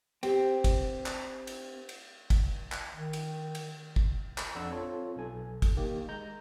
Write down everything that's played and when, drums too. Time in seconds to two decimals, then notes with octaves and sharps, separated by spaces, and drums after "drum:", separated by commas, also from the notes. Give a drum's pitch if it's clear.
0.23 C4 G4, drum: cymbal
0.64 drum: kick, cymbal
1.06 drum: clap
1.47 drum: cymbal
1.89 drum: cymbal
2.30 drum: kick, cymbal
2.72 drum: clap
2.95 D#3
3.13 drum: cymbal
3.55 drum: cymbal
3.96 drum: kick
4.38 drum: clap
4.55 F2 D4 F#5 E6
4.71 C4 F4 A4 C#5
5.16 B1 A4 G#5
5.62 drum: kick, cymbal
5.77 D#3 A#3 G4
6.08 G#3 A#5 G6